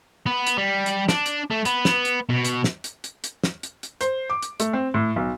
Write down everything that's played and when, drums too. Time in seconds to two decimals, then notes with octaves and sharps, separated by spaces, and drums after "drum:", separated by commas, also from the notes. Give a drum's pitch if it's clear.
0.26 B3
0.47 drum: hi-hat
0.57 G3
0.86 drum: hi-hat
1.09 D4, drum: snare
1.26 drum: hi-hat
1.50 A3
1.65 B3, drum: hi-hat
1.85 drum: snare
2.05 drum: hi-hat
2.29 B2
2.45 drum: hi-hat
2.64 drum: snare
2.84 drum: hi-hat
3.04 drum: hi-hat
3.24 drum: hi-hat
3.44 drum: snare
3.63 drum: hi-hat
3.83 drum: hi-hat
4.01 C5, drum: hi-hat
4.30 D6
4.42 drum: hi-hat
4.60 A3, drum: hi-hat
4.73 C4
4.94 A2
5.16 B1